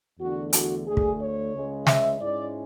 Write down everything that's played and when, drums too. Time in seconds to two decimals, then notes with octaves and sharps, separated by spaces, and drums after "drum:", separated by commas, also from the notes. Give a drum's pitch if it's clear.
0.19 E2 D3 A3 D4 F#4
0.53 F#4, drum: hi-hat
0.87 D2 D3 A3 D4 G#4
0.97 drum: kick
1.21 C#5
1.53 C#2 C#3 G#3 C#4
1.87 E5, drum: snare
2.20 G#2 G#3 C#4 E4 D5